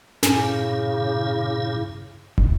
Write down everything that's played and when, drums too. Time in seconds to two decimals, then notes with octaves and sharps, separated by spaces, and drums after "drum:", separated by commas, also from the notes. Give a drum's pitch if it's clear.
0.23 G2 A#2 C#3 C#4 E4 G#5, drum: snare
2.38 drum: kick